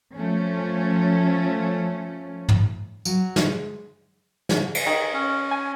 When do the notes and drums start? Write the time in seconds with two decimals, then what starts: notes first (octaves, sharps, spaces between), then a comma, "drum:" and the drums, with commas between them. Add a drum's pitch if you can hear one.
0.14 F3 A3 C#4
2.49 drum: tom
3.05 F#3, drum: tambourine
3.36 G#3, drum: snare
4.49 drum: snare
4.75 drum: cymbal
4.86 D#3 G#4
5.13 C#4
5.51 G#5